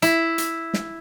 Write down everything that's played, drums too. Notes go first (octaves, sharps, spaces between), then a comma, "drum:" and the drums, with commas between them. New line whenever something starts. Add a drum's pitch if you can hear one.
E4, drum: hi-hat
drum: hi-hat
drum: snare